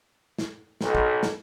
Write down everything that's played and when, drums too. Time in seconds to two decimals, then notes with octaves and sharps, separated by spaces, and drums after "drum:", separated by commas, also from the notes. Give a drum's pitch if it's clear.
0.39 drum: snare
0.81 B1, drum: snare
0.95 drum: kick
1.23 drum: snare